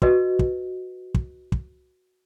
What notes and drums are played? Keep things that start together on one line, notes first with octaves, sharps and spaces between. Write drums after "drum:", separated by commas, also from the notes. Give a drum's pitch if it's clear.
F#4 B4 D#5, drum: kick
drum: kick
drum: kick
drum: kick